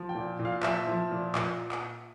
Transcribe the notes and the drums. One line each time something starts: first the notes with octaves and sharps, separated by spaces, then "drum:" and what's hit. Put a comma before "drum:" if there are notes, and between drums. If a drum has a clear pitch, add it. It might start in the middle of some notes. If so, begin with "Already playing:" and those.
Already playing: F3
G5
A#2
A#2
F5
F3 E5, drum: clap
F3
A#2
A#2, drum: clap
drum: clap